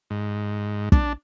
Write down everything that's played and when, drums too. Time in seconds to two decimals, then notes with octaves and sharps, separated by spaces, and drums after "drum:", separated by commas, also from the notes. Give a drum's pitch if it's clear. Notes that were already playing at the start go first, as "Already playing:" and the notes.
0.10 G#2
0.92 D4, drum: kick